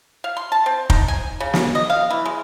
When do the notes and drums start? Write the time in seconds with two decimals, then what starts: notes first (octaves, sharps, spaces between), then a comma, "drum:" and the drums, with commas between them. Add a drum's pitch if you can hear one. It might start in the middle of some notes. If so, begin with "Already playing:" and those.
0.24 F5
0.37 C6
0.52 A5
0.66 C4
0.90 D#4, drum: kick F1
1.08 G#5
1.40 C#3
1.54 drum: snare
1.75 D#5
1.90 F5
2.11 E3
2.26 G#3